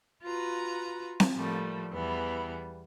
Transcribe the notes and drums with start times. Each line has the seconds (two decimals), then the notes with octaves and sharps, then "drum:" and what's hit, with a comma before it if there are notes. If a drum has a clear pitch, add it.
0.23 F4 F#4 B4 A#5
1.20 drum: snare C4
1.34 A2 F3 G3 A3 A#3
1.91 E2 E3 G3 B3